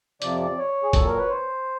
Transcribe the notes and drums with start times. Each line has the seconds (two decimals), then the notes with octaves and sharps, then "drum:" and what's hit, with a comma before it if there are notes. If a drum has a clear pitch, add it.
0.22 F2 C3 F3 D5, drum: hi-hat
0.40 D5
0.58 C#5
0.83 G#4
0.93 A#2 F#3 A4, drum: kick F#1, hi-hat
1.06 A#4
1.18 B4
1.29 C5